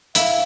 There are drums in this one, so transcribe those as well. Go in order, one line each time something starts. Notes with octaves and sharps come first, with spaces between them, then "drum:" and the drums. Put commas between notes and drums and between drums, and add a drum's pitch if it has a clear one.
E4 F5, drum: hi-hat